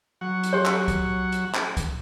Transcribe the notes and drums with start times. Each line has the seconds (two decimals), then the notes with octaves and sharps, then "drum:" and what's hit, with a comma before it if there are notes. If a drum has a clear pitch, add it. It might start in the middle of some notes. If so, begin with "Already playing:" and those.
0.21 F#3 F#5 C#6
0.43 drum: hi-hat
0.53 G4 C#5
0.66 drum: clap
0.88 drum: kick C2, hi-hat
1.32 drum: hi-hat
1.55 drum: clap
1.77 drum: kick C2, hi-hat